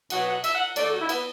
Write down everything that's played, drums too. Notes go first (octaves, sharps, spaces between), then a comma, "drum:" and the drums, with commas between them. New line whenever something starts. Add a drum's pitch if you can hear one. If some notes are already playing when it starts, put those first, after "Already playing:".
B2 F#3 B3 F#5, drum: cymbal
F#5
E5, drum: cymbal
F#5
D3 A3 D5, drum: cymbal
A4
F#4
E4
B3, drum: cymbal